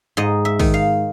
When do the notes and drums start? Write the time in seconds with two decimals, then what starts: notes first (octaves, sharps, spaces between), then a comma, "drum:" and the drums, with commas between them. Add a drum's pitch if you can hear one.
0.17 G#2 D#5
0.45 E5
0.59 D#3, drum: kick, open hi-hat
0.74 F5